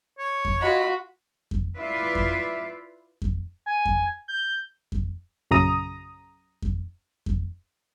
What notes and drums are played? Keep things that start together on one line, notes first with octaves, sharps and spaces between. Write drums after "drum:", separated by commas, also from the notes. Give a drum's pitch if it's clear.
C#5
drum: kick F2
F4 F#4 D#5 B5
drum: kick F2
E4 F4 B4 D5 E5 F5
drum: kick F2
drum: kick F2
G#5
drum: kick F2
G6
drum: kick F2
A#1 F#2 C#3 A#5 D#6
drum: kick F2
drum: kick F2